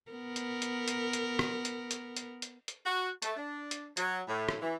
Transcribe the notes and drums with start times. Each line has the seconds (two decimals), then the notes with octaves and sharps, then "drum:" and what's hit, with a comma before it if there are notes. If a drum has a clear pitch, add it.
0.11 B3 A#4
0.36 drum: hi-hat
0.62 drum: hi-hat
0.88 drum: hi-hat
1.13 drum: hi-hat
1.39 drum: rim click
1.65 drum: hi-hat
1.91 drum: hi-hat
2.16 drum: hi-hat
2.42 drum: hi-hat
2.68 drum: hi-hat
2.86 F#4
3.22 A3, drum: hi-hat
3.37 D4
3.71 drum: hi-hat
3.97 F#3, drum: hi-hat
4.28 A2
4.49 drum: rim click
4.61 E3